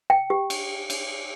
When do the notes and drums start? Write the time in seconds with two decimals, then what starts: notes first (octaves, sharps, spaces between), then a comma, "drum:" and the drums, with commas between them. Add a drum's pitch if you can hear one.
0.10 G5
0.30 G4
0.50 drum: cymbal
0.90 drum: cymbal